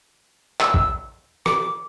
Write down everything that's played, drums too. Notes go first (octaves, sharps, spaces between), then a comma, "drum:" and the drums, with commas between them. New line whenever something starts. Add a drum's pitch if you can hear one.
E6, drum: clap
drum: kick
D6, drum: rim click